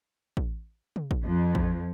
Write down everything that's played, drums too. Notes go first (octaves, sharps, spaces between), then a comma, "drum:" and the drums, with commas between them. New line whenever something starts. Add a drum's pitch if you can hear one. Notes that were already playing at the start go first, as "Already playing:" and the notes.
drum: kick A1
drum: tom
drum: kick A1
F2
drum: kick A1